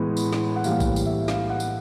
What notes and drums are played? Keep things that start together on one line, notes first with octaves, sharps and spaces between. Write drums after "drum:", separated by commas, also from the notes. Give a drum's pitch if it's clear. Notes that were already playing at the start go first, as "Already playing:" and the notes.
Already playing: A2 E3 G#3 B3
drum: tambourine
drum: snare
F#5
A2 E3 G3 A#3 F5, drum: tambourine
drum: kick A#1, tambourine
drum: tambourine
E5
F5, drum: snare
F#5
drum: tambourine